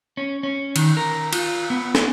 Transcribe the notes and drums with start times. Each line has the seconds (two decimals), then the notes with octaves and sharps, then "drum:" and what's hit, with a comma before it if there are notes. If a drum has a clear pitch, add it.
0.17 C#4
0.43 C#4
0.76 D#3, drum: cymbal
0.97 A#4
1.33 F4, drum: cymbal
1.70 B3
1.95 drum: snare